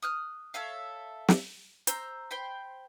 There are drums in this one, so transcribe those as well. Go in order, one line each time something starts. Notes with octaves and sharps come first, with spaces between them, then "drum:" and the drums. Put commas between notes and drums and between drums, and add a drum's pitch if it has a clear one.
D#6 F6 F#6
A4 C#5 E5 F5
drum: snare
C5 A#5 E6, drum: hi-hat
C5 G5 B5